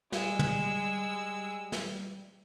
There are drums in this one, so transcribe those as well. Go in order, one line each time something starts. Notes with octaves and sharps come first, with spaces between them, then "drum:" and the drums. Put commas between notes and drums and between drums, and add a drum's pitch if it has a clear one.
G3 G#3 E6, drum: snare
drum: tom
drum: snare